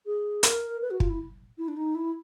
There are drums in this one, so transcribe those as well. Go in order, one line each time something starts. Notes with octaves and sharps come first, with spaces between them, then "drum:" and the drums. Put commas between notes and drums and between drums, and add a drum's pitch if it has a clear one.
G#4
A#4, drum: hi-hat
B4
F#4
F4, drum: kick
E4
E4
D4
D#4
E4